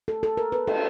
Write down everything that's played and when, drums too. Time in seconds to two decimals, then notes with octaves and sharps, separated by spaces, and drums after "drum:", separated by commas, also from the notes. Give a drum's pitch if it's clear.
0.08 A4
0.23 A4
0.37 A#4
0.52 B4
0.67 A4, drum: cymbal